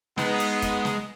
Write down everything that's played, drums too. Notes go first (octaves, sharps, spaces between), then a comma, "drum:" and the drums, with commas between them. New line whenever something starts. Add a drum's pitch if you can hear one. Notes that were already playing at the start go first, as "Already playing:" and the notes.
G#3 B3 D#4, drum: snare
drum: hi-hat
drum: kick, hi-hat
drum: snare